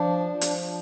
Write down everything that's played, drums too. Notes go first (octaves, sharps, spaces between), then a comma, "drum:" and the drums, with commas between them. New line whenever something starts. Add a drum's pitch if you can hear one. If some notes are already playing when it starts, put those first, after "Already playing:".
Already playing: F3 D4
F3
drum: hi-hat